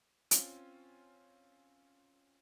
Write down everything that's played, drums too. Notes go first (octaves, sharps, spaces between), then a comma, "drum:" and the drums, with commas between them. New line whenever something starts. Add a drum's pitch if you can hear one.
C4 C#4 F4, drum: hi-hat